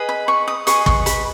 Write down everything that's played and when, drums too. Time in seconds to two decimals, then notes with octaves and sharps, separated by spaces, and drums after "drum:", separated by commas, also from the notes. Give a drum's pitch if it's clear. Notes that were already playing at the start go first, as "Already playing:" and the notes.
Already playing: G#4 B4 D#5
0.09 B5
0.28 C#6
0.48 D#6
0.67 G#4 B4 D#5 C#6, drum: hi-hat
0.86 C#6, drum: kick
1.06 B5, drum: hi-hat